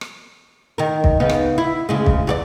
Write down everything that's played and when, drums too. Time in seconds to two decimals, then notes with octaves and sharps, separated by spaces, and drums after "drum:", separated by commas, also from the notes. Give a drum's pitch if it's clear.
0.01 drum: rim click
0.78 D#3 A#4
1.04 drum: kick
1.20 C#3 B3 D#4
1.29 drum: rim click
1.58 E4
1.89 D2 C#3 G#3
2.06 drum: kick
2.27 E2 F#4 D5